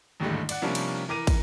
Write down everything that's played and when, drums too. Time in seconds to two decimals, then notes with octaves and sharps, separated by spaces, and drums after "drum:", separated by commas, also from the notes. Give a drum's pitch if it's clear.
0.20 A1 D#2 G#2 D3 G3 A3
0.49 D5 F#5, drum: cymbal
0.62 C3 F3 G3 A#3 C#4 D4
0.75 drum: cymbal
1.08 E3 A#4 D6 A#6 D#7
1.27 drum: kick, cymbal